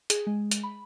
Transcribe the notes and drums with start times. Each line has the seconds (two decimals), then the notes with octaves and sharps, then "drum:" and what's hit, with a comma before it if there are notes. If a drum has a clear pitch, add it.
0.10 G#4, drum: hi-hat
0.27 G#3
0.51 drum: hi-hat
0.63 B5